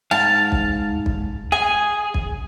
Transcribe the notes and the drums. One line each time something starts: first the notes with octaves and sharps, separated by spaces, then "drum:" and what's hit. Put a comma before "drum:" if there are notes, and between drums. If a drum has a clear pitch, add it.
G#2 F5 A5
drum: kick
drum: kick
G#4 G#5
drum: kick